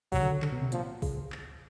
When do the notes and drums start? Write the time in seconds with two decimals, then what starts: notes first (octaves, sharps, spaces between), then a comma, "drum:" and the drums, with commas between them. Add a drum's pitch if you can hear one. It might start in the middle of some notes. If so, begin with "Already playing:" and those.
0.12 C3 F#3, drum: kick, open hi-hat
0.22 D3
0.32 D3
0.42 D3, drum: clap
0.52 B2
0.62 C3
0.72 A#2 F3, drum: hi-hat
1.02 C#3, drum: kick, open hi-hat
1.32 drum: clap